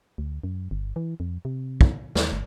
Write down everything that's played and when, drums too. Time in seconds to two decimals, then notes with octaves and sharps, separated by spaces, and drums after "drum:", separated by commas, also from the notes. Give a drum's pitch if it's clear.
0.18 D2
0.44 F#2
0.71 G1
0.96 E3
1.20 F2
1.45 C3
1.81 drum: kick
2.15 D#2, drum: snare
2.33 G1